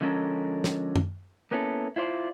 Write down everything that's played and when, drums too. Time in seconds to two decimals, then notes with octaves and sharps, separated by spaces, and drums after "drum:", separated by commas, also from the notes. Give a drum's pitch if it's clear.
0.01 D3 F3 G#3 C#4 A4 A#4
0.64 drum: snare
0.96 drum: tom
1.51 A#3 B3 C#4 E4 A4
1.96 E4 F4 C5 D5